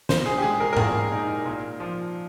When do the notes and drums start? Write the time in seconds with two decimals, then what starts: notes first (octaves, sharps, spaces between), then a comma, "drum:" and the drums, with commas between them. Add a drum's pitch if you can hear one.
0.09 A#2 C5, drum: snare
0.26 G#4
0.38 G4
0.42 G#3 G#4
0.60 A#4
0.73 A#4
0.77 A#2 G#4, drum: tom G#2
1.12 D#4
1.45 A#2
1.80 F3